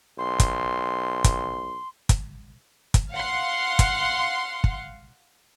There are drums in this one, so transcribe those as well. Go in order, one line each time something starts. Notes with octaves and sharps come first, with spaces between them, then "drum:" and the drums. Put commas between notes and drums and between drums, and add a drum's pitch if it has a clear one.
B1 C6
drum: kick, hi-hat
drum: kick, hi-hat
drum: kick, hi-hat
drum: kick, hi-hat
F5 F#5 C6
drum: kick, hi-hat
drum: kick